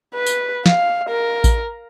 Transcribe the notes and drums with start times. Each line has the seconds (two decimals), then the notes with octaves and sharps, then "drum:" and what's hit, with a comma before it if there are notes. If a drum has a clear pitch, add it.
0.15 B4
0.26 drum: tambourine
0.66 F5, drum: snare
1.10 A#4
1.44 drum: kick A1, tambourine